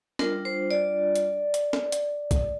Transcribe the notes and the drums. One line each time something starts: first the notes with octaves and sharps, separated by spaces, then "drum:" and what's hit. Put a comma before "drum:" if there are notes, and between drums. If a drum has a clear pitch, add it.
G3 D4 F4 A#4, drum: snare
C5
D5
drum: hi-hat
drum: hi-hat
drum: snare
drum: hi-hat
drum: kick B1, hi-hat